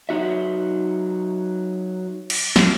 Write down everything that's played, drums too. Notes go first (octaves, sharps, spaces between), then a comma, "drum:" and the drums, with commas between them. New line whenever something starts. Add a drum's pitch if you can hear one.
F#3 D#4 F#4 E5
drum: cymbal
drum: snare